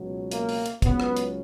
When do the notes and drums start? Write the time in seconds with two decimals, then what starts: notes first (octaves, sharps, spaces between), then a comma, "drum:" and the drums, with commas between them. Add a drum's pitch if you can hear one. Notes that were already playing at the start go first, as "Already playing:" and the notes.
Already playing: C#2 B2 F#3
0.31 A#3, drum: hi-hat
0.49 drum: open hi-hat
0.66 drum: hi-hat
0.82 C#2 C#3 F#3 B3, drum: kick, hi-hat
1.00 drum: rim click
1.17 drum: hi-hat